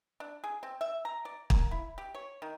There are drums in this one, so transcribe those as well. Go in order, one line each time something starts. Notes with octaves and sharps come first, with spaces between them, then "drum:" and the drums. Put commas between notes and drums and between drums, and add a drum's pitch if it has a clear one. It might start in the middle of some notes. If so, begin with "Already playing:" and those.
D4
G#4
C4
E5
A#5
D5
A#3, drum: kick
E4
G4
C#5
D#3